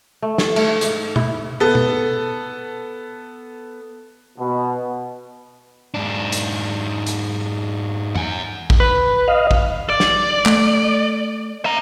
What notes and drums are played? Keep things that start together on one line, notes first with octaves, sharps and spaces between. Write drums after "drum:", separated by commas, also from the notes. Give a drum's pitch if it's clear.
A3
A4, drum: snare
A3, drum: cymbal
G#2, drum: hi-hat
E4, drum: tom
B3 A4
drum: tom
B2
G#2 D4
drum: hi-hat
drum: hi-hat
F#5 G#5, drum: tom F#2
drum: kick
B4
D#5 F5
drum: kick
D5
drum: snare
A3, drum: clap
E5 A#5